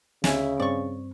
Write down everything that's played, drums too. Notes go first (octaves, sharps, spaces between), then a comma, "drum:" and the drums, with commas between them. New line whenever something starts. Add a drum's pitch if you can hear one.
D2 C#3 G#3 C#4 E4, drum: snare
G2 C4 D5 C#6